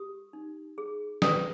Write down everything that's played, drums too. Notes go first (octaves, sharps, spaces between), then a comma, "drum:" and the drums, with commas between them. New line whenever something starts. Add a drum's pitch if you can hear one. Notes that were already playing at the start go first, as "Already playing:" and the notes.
Already playing: G4 D#6
D#4
G#4
B4 D#6, drum: snare